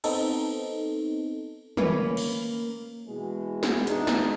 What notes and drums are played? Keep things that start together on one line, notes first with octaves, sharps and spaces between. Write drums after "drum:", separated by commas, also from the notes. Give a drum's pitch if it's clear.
B3 C4 D#4 A4, drum: cymbal
A#3 C#4 B4, drum: tom
drum: cymbal
B2 E3 G#3
drum: snare
E2 D4 D#4, drum: hi-hat
drum: snare